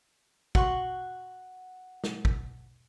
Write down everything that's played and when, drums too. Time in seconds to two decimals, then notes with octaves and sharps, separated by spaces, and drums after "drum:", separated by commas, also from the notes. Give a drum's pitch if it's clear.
0.55 F#4 F#5 C6 C#6, drum: kick
2.04 drum: snare
2.25 drum: kick